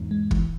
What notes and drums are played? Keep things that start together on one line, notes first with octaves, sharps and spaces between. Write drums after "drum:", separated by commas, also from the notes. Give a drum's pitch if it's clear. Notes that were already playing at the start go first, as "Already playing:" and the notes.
Already playing: E2 G#2
G#3
E3, drum: kick